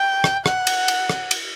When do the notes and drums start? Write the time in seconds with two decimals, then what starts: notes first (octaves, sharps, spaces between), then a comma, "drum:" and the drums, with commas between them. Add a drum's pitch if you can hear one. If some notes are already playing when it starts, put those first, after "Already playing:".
Already playing: G5
0.24 drum: rim click
0.46 F#5, drum: rim click
0.67 drum: cymbal
0.88 drum: cymbal
1.10 drum: rim click
1.31 drum: cymbal